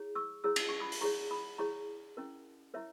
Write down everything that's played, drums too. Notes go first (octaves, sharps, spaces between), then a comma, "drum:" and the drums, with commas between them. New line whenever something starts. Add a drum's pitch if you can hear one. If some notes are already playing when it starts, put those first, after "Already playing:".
Already playing: E4 G#4 C#5
C#6 E6
E4 G#4 C#5 E6
D#6, drum: cymbal
C#6
B5 D#6
drum: open hi-hat
E4 G#4 C#5 A#5 C#6
B5 D#6
E4 G#4 C#5 A#5 C#6
C#4 E4 A#4
E4 A#4 C#5 E5